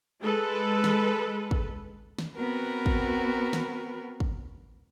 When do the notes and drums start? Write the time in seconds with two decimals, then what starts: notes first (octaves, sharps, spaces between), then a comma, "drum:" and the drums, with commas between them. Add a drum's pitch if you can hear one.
0.21 G#3 A4 B4
0.84 drum: snare
1.51 drum: kick
2.19 drum: snare
2.35 B3 C4 F#4 A#4 B4
2.86 drum: kick
3.53 drum: snare
4.20 drum: kick